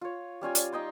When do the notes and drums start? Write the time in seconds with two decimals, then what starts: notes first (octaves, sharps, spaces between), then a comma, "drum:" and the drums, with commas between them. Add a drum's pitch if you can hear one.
0.01 F4 C#5
0.41 G3 C#4 F4 G#5
0.55 D5, drum: hi-hat
0.73 D#4 D#5 G5 C6